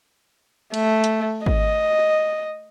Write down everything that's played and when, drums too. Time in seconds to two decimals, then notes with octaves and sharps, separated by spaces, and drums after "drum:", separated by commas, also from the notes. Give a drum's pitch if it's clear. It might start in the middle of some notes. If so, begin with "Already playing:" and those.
0.74 A3, drum: cymbal
1.04 drum: hi-hat
1.46 D#5, drum: kick G#1